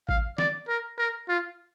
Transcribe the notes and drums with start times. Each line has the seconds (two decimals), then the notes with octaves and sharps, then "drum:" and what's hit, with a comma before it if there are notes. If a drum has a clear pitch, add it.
0.09 F5, drum: kick G#1
0.38 D5, drum: snare
0.68 A#4
0.99 A#4
1.29 F4